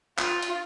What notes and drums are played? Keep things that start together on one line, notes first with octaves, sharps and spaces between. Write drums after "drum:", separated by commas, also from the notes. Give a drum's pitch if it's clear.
F4, drum: clap
drum: hi-hat